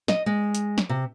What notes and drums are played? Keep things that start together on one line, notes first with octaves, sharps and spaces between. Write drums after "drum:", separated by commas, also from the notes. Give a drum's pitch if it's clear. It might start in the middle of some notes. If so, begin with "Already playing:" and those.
D#5, drum: snare
G#3
drum: hi-hat
drum: snare
C3